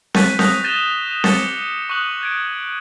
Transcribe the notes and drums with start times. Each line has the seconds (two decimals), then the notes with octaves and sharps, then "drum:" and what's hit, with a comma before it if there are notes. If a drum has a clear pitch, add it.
0.14 C#6 F#6 G6 A6 B6 D#7, drum: snare C4
0.39 D#6 F#6 G6 A#6 F7, drum: snare C4
0.64 G6 A6 A#6 D#7 E7 G7
1.24 D6 G6 A6 C#7, drum: snare C4
1.89 C#6 D#6 F#6 F#7
2.21 G6 G#6 D7